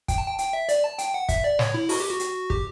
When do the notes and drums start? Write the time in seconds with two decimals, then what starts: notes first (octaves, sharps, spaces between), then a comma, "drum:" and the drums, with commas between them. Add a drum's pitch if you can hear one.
0.08 G5, drum: kick, hi-hat
0.18 A5
0.28 G5
0.38 G5, drum: hi-hat
0.53 E5
0.69 D5, drum: hi-hat
0.84 A5
0.99 G5, drum: hi-hat
1.14 F#5
1.29 E5, drum: kick, hi-hat
1.44 D5
1.59 C#5, drum: snare
1.74 E4
1.89 F#4, drum: open hi-hat
2.00 G4
2.10 F#4
2.19 drum: hi-hat
2.50 G4, drum: kick